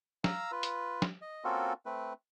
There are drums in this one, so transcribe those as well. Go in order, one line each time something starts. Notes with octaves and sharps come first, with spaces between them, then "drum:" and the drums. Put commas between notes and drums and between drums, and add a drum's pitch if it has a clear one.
F5 A#5 E6, drum: snare
F4 B4
drum: hi-hat
drum: snare
D#5
A#3 C4 C#4 F4 F#4 A4
A3 C4 B4